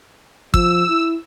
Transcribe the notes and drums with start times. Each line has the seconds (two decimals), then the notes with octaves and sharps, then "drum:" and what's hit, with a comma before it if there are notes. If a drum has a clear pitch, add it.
0.54 F3 E6, drum: kick
0.89 E4